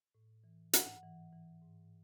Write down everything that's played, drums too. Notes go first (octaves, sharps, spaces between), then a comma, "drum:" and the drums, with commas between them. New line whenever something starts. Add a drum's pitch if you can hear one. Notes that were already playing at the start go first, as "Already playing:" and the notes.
A2
E3
G#2 F#5, drum: hi-hat
E3
E3
G#2